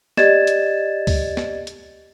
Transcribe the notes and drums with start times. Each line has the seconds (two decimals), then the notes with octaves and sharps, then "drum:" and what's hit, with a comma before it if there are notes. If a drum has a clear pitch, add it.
0.17 G4 D5 D#5 G#6 A6 E7, drum: snare
0.47 drum: hi-hat
1.07 drum: kick C#2, open hi-hat
1.37 drum: snare
1.67 drum: hi-hat